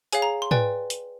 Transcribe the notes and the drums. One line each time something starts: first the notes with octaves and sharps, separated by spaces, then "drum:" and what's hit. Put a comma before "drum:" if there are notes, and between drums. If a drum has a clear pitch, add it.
G#4 C#5 F5 G#5, drum: hi-hat
A#5
C6
B4 D5 G5 G#5, drum: tom
drum: hi-hat